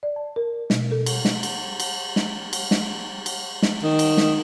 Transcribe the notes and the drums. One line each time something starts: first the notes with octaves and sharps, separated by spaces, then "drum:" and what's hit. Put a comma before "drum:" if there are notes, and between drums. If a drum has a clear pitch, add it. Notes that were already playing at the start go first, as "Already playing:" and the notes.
D5
A5
A#4
B2, drum: snare
A4
drum: cymbal
drum: snare
drum: cymbal
drum: cymbal
drum: snare
drum: cymbal
drum: snare
drum: cymbal
drum: snare
D#3
drum: cymbal
drum: snare